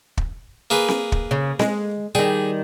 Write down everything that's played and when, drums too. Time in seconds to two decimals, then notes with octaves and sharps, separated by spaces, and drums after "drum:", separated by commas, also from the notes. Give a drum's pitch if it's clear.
0.17 drum: kick
0.70 A#3 G#4 B4
0.88 drum: snare C4
1.12 drum: kick
1.31 C#3
1.59 G#3, drum: snare C4
2.15 D#3 G3 G#4